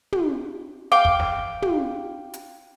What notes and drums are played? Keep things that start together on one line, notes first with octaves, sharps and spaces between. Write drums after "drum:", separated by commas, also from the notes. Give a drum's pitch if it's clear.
drum: tom
F5 G5 D6
drum: kick
drum: snare
drum: tom
drum: hi-hat